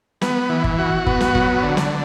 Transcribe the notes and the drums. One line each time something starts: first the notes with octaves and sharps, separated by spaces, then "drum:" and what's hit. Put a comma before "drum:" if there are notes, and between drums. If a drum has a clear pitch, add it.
B3, drum: snare
E3
drum: kick G1
F#4
B3, drum: kick G1
drum: snare
F#3, drum: kick G1
D3
drum: snare